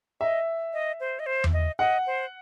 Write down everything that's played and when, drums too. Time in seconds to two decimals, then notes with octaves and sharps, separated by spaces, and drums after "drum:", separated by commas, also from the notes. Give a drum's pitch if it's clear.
0.21 D#5 E5
0.73 D#5
1.00 C5
1.19 D#5
1.26 C5
1.44 drum: tom E2
1.53 D#5
1.79 D#5 F#5
2.07 C5